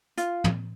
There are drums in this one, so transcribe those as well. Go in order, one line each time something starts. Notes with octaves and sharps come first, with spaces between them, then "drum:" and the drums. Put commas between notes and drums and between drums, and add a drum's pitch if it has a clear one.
F4, drum: hi-hat
drum: tom